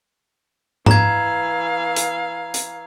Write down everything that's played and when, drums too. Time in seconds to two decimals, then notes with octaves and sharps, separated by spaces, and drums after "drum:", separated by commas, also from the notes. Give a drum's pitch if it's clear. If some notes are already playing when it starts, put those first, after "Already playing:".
0.86 E3 F5 A#5 G#6, drum: tom G#2
1.96 drum: hi-hat
2.54 drum: hi-hat